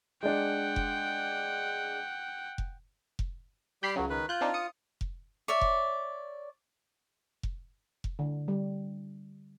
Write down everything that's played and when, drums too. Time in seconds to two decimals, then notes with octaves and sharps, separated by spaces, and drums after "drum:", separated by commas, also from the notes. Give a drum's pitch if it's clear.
0.23 G#3 D4 F#5 G5
0.76 drum: kick F1
2.58 drum: kick F1
3.19 drum: kick F1
3.83 G3 G4 G5 B5 C7
3.96 C#2 C#3 F#3
4.10 D#3 B4
4.29 F4 F#6 G6
4.41 C4 D4 D#4
4.54 D#6 C#7
5.01 drum: kick F1
5.48 C#5 D5 E5
5.61 drum: kick F1
7.43 drum: kick F1
8.04 drum: kick F1
8.19 D3
8.48 G3